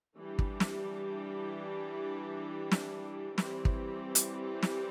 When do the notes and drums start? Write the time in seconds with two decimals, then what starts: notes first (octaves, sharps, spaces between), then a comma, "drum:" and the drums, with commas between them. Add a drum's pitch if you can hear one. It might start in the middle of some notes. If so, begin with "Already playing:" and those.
0.18 E3 G3 D4 G4
0.39 drum: kick
0.60 drum: snare
2.72 drum: snare
3.38 E3 G3 C4 G4, drum: snare
3.65 drum: kick
4.15 drum: hi-hat
4.63 drum: snare